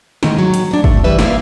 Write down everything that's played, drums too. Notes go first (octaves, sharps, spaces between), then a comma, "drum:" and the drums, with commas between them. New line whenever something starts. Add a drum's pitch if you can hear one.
G#2 D#3 G#3, drum: snare
F#3
drum: hi-hat
D2 D4
A3, drum: kick
E3 G3 B4 E5
A#3 D4 E4 C5 E5 F5, drum: snare